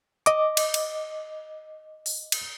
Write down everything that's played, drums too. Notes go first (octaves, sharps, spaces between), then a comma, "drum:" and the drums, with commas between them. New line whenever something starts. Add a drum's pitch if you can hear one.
D#5 D6, drum: hi-hat
drum: cymbal
drum: cymbal
drum: open hi-hat
drum: cymbal